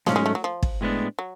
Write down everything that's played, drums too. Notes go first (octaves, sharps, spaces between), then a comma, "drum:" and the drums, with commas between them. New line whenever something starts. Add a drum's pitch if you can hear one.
G#2 F3 F#3 C#4, drum: snare A3
G#3
A3
F#3
F3
drum: kick
A2 G#3 B3 D4
F#3